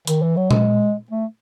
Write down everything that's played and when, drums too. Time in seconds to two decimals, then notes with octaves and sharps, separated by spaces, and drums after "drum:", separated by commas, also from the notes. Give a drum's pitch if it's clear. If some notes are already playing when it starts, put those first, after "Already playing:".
0.07 D#3, drum: hi-hat
0.22 E3
0.37 F#3
0.51 G#3, drum: tom A#2
1.11 A3